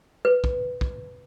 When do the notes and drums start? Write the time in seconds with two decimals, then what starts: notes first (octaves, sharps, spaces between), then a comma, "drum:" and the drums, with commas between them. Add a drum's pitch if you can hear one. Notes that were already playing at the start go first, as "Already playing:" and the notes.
0.25 B4
0.44 drum: kick
0.81 drum: kick